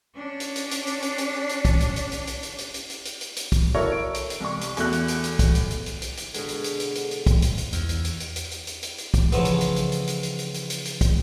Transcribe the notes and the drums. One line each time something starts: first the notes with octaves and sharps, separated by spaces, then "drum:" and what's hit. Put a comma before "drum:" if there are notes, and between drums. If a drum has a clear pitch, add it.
C#4 D4
drum: hi-hat
drum: hi-hat
drum: hi-hat
drum: hi-hat
drum: hi-hat
drum: hi-hat
drum: hi-hat
drum: kick, hi-hat
drum: hi-hat
drum: hi-hat
drum: hi-hat
drum: hi-hat
drum: hi-hat
drum: hi-hat
drum: hi-hat
drum: hi-hat
drum: hi-hat
drum: hi-hat
drum: hi-hat
drum: kick, hi-hat
E4 F#4 A4 A#4 C#5
D7
drum: hi-hat
drum: hi-hat
C2 C#6
drum: hi-hat
E2 A3 F#4 F#6, drum: hi-hat
drum: hi-hat
drum: hi-hat
drum: hi-hat
drum: kick, hi-hat
drum: hi-hat
drum: hi-hat
drum: hi-hat
drum: hi-hat
drum: hi-hat
B2 D3 G#3, drum: hi-hat
drum: hi-hat
drum: hi-hat
drum: hi-hat
drum: hi-hat
drum: hi-hat
drum: kick, hi-hat
drum: hi-hat
drum: hi-hat
E2, drum: hi-hat
drum: hi-hat
drum: hi-hat
drum: hi-hat
drum: hi-hat
drum: hi-hat
drum: hi-hat
drum: hi-hat
drum: hi-hat
drum: kick, hi-hat
C#3 E3 F3 A3 B3, drum: hi-hat
drum: hi-hat
drum: hi-hat
drum: hi-hat
drum: hi-hat
drum: hi-hat
drum: hi-hat
drum: hi-hat
drum: hi-hat
drum: hi-hat
drum: hi-hat
drum: kick, hi-hat